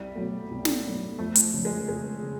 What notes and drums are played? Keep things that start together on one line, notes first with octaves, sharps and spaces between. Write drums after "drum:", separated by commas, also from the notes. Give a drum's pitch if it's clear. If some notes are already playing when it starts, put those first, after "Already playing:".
Already playing: C2 G3
B2 F#3 A3
C2
drum: snare
B2 F#3 A3
F2 A3
drum: hi-hat
C#3 F3
G#3
F2 G#3
C#3